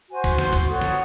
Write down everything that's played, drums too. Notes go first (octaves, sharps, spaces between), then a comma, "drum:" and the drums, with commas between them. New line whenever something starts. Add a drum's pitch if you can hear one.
F#4 C5 G#5
drum: kick B1, cymbal
C6, drum: snare
drum: kick B1, cymbal
F#4 A4 C#5 D#6
drum: snare